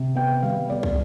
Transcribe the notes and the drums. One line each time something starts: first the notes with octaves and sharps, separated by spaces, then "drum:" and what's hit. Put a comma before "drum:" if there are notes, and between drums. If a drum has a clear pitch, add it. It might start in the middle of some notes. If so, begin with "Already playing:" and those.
Already playing: C3
B3 G5
G3 F5
B3 D5
drum: kick